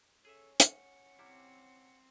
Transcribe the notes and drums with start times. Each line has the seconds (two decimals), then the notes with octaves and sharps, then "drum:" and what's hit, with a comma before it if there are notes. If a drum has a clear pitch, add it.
0.25 C#4 G#4 A4 E5
0.60 F#5, drum: hi-hat
1.19 C3 G3 C4 E4